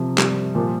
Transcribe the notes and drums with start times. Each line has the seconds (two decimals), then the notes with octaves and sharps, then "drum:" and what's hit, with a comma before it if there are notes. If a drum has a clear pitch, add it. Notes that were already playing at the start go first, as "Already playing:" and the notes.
Already playing: C3 F3
0.18 G3, drum: clap
0.55 A#2 F3